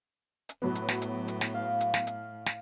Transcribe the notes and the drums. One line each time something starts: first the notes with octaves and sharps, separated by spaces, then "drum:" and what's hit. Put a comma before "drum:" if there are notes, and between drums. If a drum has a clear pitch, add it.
drum: hi-hat
A2 F#3 B3
drum: hi-hat
drum: snare
drum: hi-hat
drum: hi-hat
drum: snare
F5
drum: hi-hat
drum: snare
drum: hi-hat
drum: snare